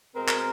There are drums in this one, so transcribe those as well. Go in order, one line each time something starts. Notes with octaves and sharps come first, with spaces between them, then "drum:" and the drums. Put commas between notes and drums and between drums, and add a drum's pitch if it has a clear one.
B2 G#3 C4 A#4
drum: clap